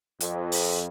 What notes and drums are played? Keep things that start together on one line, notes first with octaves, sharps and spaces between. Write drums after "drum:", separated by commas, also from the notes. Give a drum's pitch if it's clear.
F2, drum: hi-hat
drum: open hi-hat